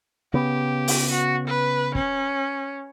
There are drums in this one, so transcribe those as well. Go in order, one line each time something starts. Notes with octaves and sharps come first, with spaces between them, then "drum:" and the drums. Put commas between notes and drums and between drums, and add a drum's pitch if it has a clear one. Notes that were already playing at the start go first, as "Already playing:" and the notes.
C#3 B3 G4
drum: open hi-hat
F#4
B4
C#4, drum: kick